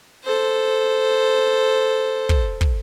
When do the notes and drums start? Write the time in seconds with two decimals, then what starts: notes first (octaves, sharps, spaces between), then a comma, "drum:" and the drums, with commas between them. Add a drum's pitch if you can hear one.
0.24 A4 C5
2.29 drum: kick
2.61 drum: kick